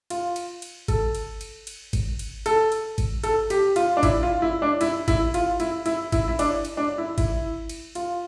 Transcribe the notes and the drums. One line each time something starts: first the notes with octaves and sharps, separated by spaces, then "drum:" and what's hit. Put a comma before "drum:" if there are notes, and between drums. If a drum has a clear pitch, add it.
F4, drum: cymbal
drum: cymbal
drum: cymbal
A4, drum: kick G1, cymbal
drum: cymbal
drum: cymbal
drum: cymbal
drum: kick G1, cymbal
drum: cymbal
A4, drum: cymbal
drum: cymbal
drum: kick G1, cymbal
A4, drum: cymbal
G4, drum: cymbal
F4, drum: cymbal
D4
E4, drum: kick G1, cymbal
F4
E4
D4
E4, drum: cymbal
E4, drum: kick G1, cymbal
F4, drum: cymbal
E4, drum: cymbal
E4, drum: cymbal
E4, drum: kick G1, cymbal
E4
D4, drum: cymbal
drum: cymbal
D4
E4
E4, drum: kick G1, cymbal
drum: cymbal
F4, drum: cymbal